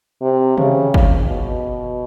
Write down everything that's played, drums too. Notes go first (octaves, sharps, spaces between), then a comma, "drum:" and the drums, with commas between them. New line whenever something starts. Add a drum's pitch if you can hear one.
C3
C#3, drum: tom C3
drum: kick
B2